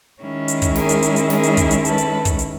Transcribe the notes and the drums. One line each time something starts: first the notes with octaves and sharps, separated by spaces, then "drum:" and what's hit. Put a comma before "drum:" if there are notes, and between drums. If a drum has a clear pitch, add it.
D#3 G#3 C#4 E4
drum: hi-hat
drum: kick, hi-hat
G#4 A#4, drum: snare
drum: hi-hat
drum: hi-hat
drum: hi-hat
G#4 A#4, drum: snare
drum: hi-hat
drum: kick, hi-hat
drum: hi-hat
A4 B4, drum: hi-hat
drum: hi-hat
drum: kick, hi-hat
drum: hi-hat